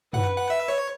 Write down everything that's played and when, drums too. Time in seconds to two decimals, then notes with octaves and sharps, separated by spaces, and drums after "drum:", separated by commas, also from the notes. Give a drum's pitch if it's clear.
0.13 B4 F#5, drum: tom F#2
0.38 F#5
0.50 E5
0.68 C#5